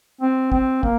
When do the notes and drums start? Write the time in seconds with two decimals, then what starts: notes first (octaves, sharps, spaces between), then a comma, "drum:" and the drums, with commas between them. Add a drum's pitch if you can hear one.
0.21 C4
0.52 C4, drum: kick
0.83 A#3, drum: kick